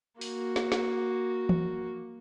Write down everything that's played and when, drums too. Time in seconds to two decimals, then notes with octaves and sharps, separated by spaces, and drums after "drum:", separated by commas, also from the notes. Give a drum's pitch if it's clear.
0.21 A#3 F#4, drum: open hi-hat
0.56 drum: snare
0.72 drum: snare
1.49 drum: tom